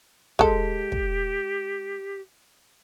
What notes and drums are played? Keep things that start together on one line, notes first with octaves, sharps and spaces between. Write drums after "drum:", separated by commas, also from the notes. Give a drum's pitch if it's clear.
G#3 G4 A4, drum: kick
drum: kick